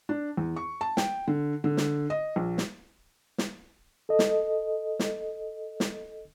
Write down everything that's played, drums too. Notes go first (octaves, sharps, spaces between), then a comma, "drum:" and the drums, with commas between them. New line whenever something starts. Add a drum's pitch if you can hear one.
D4
E2
C#6
A5
G5, drum: snare
D3
D3
drum: snare
D#5
A#1
drum: snare
drum: snare
A4 D#5
drum: snare
drum: snare
drum: snare